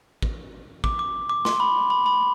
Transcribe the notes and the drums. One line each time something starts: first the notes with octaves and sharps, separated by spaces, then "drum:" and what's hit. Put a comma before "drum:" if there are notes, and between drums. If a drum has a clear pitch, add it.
drum: kick
D6, drum: kick
D6
D6
C6, drum: snare
B5
B5
B5